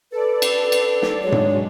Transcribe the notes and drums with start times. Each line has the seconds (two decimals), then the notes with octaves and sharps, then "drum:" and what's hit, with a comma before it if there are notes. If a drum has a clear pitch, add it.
0.12 A4 B4 D5
0.42 drum: cymbal
0.72 drum: cymbal
1.02 drum: snare
1.23 F#3 G#3 D4 C#5
1.32 drum: tom G#2